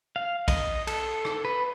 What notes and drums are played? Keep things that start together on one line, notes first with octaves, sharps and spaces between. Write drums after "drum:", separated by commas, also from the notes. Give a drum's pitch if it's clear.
F5
D#5, drum: kick A#1, cymbal
A4, drum: cymbal
drum: rim click
B4